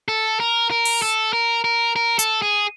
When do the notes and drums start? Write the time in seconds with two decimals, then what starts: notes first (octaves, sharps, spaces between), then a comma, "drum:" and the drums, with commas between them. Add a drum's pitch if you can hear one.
0.08 A4
0.40 A#4
0.71 A#4
0.85 drum: open hi-hat
1.02 A4
1.33 A#4
1.64 A#4
1.96 A#4
2.19 A4, drum: hi-hat
2.42 G#4